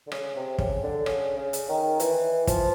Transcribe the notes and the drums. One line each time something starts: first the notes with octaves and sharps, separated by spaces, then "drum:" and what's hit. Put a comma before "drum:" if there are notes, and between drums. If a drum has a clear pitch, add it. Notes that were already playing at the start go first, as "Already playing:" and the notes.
D3
C#3, drum: rim click
C3
C#3, drum: kick
D3
C#3, drum: rim click
C#3
drum: hi-hat
D#3
E3, drum: hi-hat
F3, drum: kick, hi-hat